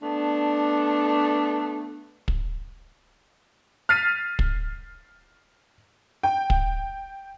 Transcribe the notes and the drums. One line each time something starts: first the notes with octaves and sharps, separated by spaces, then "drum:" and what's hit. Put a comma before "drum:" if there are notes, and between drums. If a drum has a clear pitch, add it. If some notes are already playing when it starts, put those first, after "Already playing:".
A3 B3 D4
drum: kick
F6 A6 B6 C7 D#7
drum: kick
G5
drum: kick